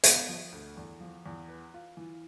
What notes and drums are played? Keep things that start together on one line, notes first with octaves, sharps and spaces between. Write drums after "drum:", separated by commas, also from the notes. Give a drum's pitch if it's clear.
B3, drum: hi-hat
F3
D2
E2
F3
E2
B4
F4
E3